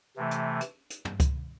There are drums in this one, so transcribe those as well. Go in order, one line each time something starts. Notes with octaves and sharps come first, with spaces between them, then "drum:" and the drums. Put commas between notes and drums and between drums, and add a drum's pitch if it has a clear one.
C3 E3 A3
drum: hi-hat
drum: hi-hat
drum: hi-hat
drum: tom
drum: kick C#2, hi-hat